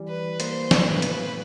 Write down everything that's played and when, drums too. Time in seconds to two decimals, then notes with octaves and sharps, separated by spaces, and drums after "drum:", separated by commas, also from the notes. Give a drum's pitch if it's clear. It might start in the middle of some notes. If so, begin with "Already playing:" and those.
Already playing: E3 G3
0.08 B4
0.40 A#3 C5, drum: hi-hat
0.71 drum: snare
0.87 A2 B4
1.02 drum: hi-hat